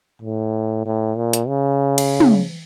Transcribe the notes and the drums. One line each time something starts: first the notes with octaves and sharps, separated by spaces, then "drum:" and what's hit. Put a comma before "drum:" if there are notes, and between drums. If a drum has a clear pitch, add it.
A2
A2
A#2
drum: hi-hat
C#3
drum: cymbal
drum: tom